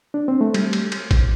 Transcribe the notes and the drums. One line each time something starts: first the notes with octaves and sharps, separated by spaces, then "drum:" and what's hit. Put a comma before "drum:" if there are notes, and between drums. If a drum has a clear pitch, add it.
D4
C4
A3
G3, drum: cymbal
drum: cymbal
drum: cymbal
drum: kick G#1, cymbal